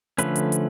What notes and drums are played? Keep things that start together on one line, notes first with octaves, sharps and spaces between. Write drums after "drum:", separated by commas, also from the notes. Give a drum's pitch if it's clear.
D3 F3 A3 C#4 B4, drum: hi-hat
drum: hi-hat
drum: hi-hat